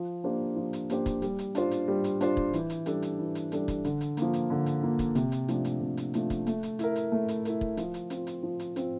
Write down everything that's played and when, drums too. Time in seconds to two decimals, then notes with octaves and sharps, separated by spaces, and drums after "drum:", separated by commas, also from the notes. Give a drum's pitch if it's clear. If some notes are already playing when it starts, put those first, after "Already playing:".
Already playing: F3
0.24 A#3 D4 G4 C5
0.56 F3
0.73 drum: hi-hat
0.90 A#3 D4 G4 C5, drum: hi-hat
1.06 drum: kick, hi-hat
1.22 G3, drum: hi-hat
1.39 drum: hi-hat
1.55 D4 F4 C5, drum: hi-hat
1.71 drum: hi-hat
1.88 G3
2.04 drum: hi-hat
2.21 D4 F4 C5, drum: hi-hat
2.37 drum: kick
2.53 E3, drum: hi-hat
2.70 drum: hi-hat
2.86 G3 D4 A4, drum: hi-hat
3.02 drum: hi-hat
3.19 E3
3.35 drum: hi-hat
3.52 G3 D4 A4, drum: hi-hat
3.68 drum: kick, hi-hat
3.85 D3, drum: hi-hat
4.01 drum: hi-hat
4.17 F3 A#3, drum: hi-hat
4.34 drum: hi-hat
4.50 D3
4.66 drum: hi-hat
4.83 F3 A#3
4.99 drum: kick, hi-hat
5.15 C3, drum: hi-hat
5.32 drum: hi-hat
5.48 F3 A3 D4, drum: hi-hat
5.65 drum: hi-hat
5.81 C3
5.97 drum: hi-hat
6.14 F3 A3 D4, drum: hi-hat
6.30 drum: kick, hi-hat
6.47 A3, drum: hi-hat
6.63 drum: hi-hat
6.79 E4 A#4, drum: hi-hat
6.96 drum: hi-hat
7.12 A3
7.28 drum: hi-hat
7.45 E4 A#4, drum: hi-hat
7.61 drum: kick
7.77 F3, drum: hi-hat
7.94 drum: hi-hat
8.10 C4 F4, drum: hi-hat
8.27 drum: hi-hat
8.43 F3
8.59 drum: hi-hat
8.76 C4 F4, drum: hi-hat